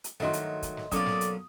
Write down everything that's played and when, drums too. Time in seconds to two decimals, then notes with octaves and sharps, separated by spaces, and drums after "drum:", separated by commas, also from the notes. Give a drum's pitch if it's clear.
0.04 drum: hi-hat
0.20 G2 D#3 F#3 A3 F#4 D#5 C6, drum: snare
0.33 drum: hi-hat
0.62 drum: kick, hi-hat
0.77 drum: snare
0.92 B1 A#3 C#4 F4 A4 D5 D#6, drum: kick, hi-hat
1.06 drum: snare
1.21 drum: hi-hat